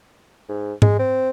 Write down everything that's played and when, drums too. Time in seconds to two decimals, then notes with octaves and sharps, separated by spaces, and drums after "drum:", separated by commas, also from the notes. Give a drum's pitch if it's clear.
0.49 G#2
0.82 G#3, drum: tom G#2
0.99 C4